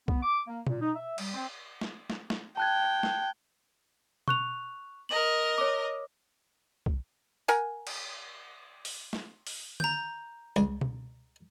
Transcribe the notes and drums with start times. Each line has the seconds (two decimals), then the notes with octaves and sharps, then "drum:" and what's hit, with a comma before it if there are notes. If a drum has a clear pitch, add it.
0.08 B3, drum: kick
0.22 D6
0.46 A#3
0.67 A#2, drum: tom B2
0.81 D#4
0.96 E5
1.18 G3, drum: cymbal
1.34 C4
1.81 drum: snare
2.10 drum: snare
2.30 drum: snare
2.57 G5 A5 F#6 G#6
3.03 drum: snare
4.28 C#6 F#6 F7, drum: tom B2
5.09 A#4 D#5 F#7
5.58 C#5 D6
6.86 drum: kick
7.48 A#4 F#5 G#5, drum: tambourine
7.87 drum: cymbal
8.85 drum: open hi-hat
9.13 drum: snare
9.47 drum: open hi-hat
9.80 A#5 G6, drum: tom D3
10.56 C#2, drum: tambourine
10.81 drum: tom B2